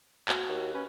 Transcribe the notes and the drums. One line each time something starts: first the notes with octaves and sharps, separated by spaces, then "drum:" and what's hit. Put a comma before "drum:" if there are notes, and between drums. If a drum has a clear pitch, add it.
F#4, drum: clap
D#2
C#4 B4